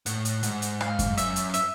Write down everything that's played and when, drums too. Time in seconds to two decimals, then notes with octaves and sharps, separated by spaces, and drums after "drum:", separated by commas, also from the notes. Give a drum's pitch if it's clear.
0.06 A2 F#5, drum: hi-hat
0.25 drum: hi-hat
0.43 G#2 F#5, drum: hi-hat
0.62 drum: hi-hat
0.81 F5, drum: rim click
0.99 drum: kick F#2, hi-hat
1.17 F#2 E5, drum: hi-hat
1.36 drum: hi-hat
1.49 F5
1.54 E5, drum: hi-hat